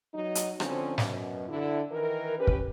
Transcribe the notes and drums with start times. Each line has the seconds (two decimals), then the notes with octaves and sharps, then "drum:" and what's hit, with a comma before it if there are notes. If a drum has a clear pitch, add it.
0.14 F#3 D#4
0.35 drum: hi-hat
0.60 D3 F3 C4 C#4, drum: rim click
0.98 F#2 B2, drum: snare
1.48 D3 E4
1.92 D#3 E3 A#4
2.38 C#4 G4 B4
2.47 drum: kick